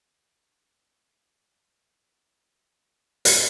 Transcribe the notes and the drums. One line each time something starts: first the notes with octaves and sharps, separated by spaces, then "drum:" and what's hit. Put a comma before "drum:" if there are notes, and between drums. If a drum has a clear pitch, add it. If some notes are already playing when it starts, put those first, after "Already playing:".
Already playing: C4 G4
A#4
A#4
C#5
C#5
C5
A#4
C5
C#4 E4 G4 E5
G#5
G5
F5
C#5
drum: hi-hat